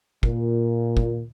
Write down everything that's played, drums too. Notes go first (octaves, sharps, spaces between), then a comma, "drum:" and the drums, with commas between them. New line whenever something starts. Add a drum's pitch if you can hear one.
A#2, drum: kick
drum: kick